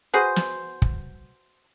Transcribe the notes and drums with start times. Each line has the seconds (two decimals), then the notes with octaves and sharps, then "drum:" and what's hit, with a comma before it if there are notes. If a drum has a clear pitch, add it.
0.14 F#4 G#4 B4 C5
0.36 drum: snare
0.82 drum: kick